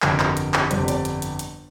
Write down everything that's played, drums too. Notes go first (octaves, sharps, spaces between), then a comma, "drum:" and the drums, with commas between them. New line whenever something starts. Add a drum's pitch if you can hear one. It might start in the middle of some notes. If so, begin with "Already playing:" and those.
G1 F2 D3 G3 A#4, drum: clap
drum: clap
drum: hi-hat
drum: clap
G1 F2 D3 G3 C5, drum: hi-hat
D5, drum: hi-hat
drum: hi-hat
drum: hi-hat
drum: hi-hat